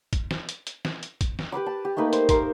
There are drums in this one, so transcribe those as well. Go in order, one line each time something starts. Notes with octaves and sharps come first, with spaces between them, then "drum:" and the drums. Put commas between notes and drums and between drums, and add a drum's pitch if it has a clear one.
drum: kick, hi-hat
drum: snare
drum: hi-hat
drum: hi-hat
drum: snare
drum: hi-hat
drum: kick, hi-hat
drum: snare
G4 B4 B5 D6
A5
G4
A3 A#3 D#4 B4
C5, drum: hi-hat
A#4 C5 F5, drum: kick, hi-hat